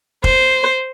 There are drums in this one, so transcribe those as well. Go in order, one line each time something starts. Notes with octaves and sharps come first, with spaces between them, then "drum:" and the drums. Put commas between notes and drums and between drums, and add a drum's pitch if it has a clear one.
C5, drum: kick